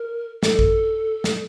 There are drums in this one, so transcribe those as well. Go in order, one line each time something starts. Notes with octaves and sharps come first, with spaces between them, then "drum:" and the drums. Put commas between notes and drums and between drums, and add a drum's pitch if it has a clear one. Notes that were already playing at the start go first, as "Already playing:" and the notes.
Already playing: A#4
A4, drum: snare
drum: kick A1
drum: snare